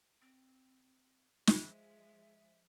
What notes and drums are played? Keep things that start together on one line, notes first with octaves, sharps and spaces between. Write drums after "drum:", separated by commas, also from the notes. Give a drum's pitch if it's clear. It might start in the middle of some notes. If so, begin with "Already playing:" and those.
C4
F3 G#3 E5, drum: snare